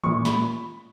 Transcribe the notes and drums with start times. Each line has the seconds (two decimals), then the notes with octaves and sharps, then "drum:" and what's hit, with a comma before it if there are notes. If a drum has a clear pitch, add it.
0.04 A#2 C#6, drum: tom D#3
0.20 A#2
0.25 B5, drum: snare